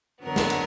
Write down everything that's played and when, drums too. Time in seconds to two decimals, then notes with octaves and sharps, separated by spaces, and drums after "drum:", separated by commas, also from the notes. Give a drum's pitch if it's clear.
0.22 F2 D3 F#3 B3 A#4
0.36 drum: snare
0.50 drum: cymbal